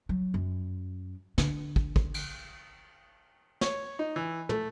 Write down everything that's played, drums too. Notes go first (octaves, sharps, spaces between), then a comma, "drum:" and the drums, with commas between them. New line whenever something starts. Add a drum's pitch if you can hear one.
F#3
F#2
D3, drum: snare
drum: kick
drum: kick
drum: cymbal
C#5, drum: snare
D#4
E3
A3, drum: tom